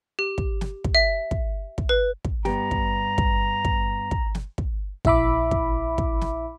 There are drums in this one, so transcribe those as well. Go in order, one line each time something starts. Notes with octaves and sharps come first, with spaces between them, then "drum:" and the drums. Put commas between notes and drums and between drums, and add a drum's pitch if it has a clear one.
G4
drum: kick
drum: snare
drum: kick
E5
drum: kick
drum: kick
B4
drum: kick
G2 B3 G4 A#5, drum: snare
drum: kick
drum: kick
drum: kick
drum: kick
drum: snare
drum: kick
A#1 E4 E5 B5 D6, drum: kick
drum: kick
drum: kick
drum: snare